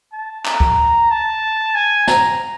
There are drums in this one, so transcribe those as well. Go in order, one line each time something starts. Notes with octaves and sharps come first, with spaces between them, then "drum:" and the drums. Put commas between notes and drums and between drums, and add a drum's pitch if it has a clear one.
A5
A#5, drum: clap
drum: kick C#2
A5
G#5
A#5, drum: snare